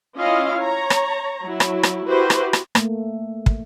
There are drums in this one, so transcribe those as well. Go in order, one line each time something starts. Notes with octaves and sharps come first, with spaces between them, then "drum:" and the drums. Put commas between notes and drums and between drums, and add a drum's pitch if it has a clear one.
C#4 E4 F4 D#5 F5
C#5 A#5
drum: rim click
F#3 E4
drum: rim click
drum: rim click
E4 F#4 G4 B4 C5
drum: rim click
drum: rim click
A3 A#3, drum: rim click
drum: kick